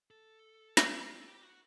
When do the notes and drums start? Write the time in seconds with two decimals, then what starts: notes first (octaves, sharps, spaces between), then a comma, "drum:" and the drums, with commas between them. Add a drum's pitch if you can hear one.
0.11 A4
0.77 G4, drum: snare
1.10 G4
1.19 A4
1.28 G4
1.43 F#4